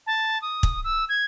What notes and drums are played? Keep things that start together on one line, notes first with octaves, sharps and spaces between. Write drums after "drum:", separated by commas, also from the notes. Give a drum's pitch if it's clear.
A5
D#6
drum: kick
E6
G#6